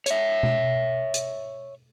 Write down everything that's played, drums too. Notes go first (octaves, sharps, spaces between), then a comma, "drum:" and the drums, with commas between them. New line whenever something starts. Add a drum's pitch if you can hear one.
C#5 E5, drum: hi-hat
drum: tom B2
drum: hi-hat